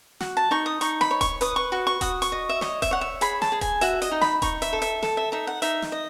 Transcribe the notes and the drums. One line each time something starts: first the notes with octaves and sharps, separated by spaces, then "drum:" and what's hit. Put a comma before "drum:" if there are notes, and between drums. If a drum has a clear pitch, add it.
F#4, drum: snare
A5
D#4 C#6
D#6
D#4 C#6, drum: hi-hat
B5, drum: snare
C#5
C#6, drum: kick D#1, hi-hat
B4 D#6, drum: hi-hat
C#6
F#4 C#6
C#6
F#4 D#6, drum: kick D#1, hi-hat
C#6, drum: hi-hat
D#5
E5
C#5 D#5, drum: snare
E5, drum: kick D#1, hi-hat
C#5 F#5
E5
G#4 B5, drum: hi-hat
A5, drum: snare
G#4
G#5, drum: kick D#1, hi-hat
F#4 E5, drum: hi-hat
D#5, drum: hi-hat
D#4
B5, drum: snare
D#4 C#6, drum: kick D#1, hi-hat
E5, drum: hi-hat
A4
E5, drum: hi-hat
A4, drum: snare
E5
D#4 E5
F#5
D#4 E5, drum: hi-hat
drum: snare
D#5